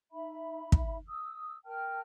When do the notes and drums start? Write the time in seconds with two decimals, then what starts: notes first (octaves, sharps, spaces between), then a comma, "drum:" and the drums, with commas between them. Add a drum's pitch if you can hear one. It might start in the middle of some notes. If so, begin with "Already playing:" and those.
0.12 D#4 E5 B5
0.72 drum: kick
1.07 D#6 E6
1.65 A#4 G5 A5 F6